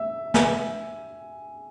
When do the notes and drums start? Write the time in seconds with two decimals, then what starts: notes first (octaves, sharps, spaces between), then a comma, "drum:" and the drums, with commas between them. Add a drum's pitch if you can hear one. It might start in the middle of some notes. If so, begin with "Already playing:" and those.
Already playing: E5
0.34 E5 G#5, drum: snare